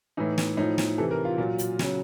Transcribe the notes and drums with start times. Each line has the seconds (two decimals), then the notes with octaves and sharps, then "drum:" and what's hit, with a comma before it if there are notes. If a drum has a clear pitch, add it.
0.17 A2 E3 D#4
0.38 drum: snare
0.57 A2 F3 D#4
0.78 drum: snare
0.98 C3 E3 A4
1.11 A#4
1.25 F4
1.38 A#2 F#3
1.58 drum: hi-hat
1.79 C#3 F#3, drum: snare